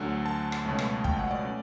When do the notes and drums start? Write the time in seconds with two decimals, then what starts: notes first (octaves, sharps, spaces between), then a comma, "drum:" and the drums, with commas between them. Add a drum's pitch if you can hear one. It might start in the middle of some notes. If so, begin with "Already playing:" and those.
Already playing: D2 D3 F#3 A3
0.26 A5
0.52 drum: rim click
0.65 C#2 B2 F#3 A3 C#4
0.79 drum: rim click
1.04 G5, drum: kick
1.19 F#5
1.31 D5
1.45 A3 C#4